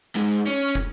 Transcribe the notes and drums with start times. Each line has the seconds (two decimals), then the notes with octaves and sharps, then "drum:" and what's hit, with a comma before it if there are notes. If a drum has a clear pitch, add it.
0.16 G#2 G#3
0.46 C#4
0.75 drum: kick